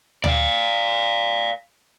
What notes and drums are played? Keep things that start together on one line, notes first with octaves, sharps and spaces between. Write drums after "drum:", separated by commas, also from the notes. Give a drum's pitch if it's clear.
D5 F5, drum: tom D2